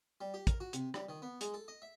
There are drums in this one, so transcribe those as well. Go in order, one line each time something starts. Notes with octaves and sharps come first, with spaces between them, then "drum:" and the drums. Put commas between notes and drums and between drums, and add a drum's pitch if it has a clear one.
G3
G4
A#4, drum: kick, hi-hat
F#4
C3, drum: hi-hat
G3, drum: rim click
D#3
B3
G#3, drum: hi-hat
A4
D#5
E5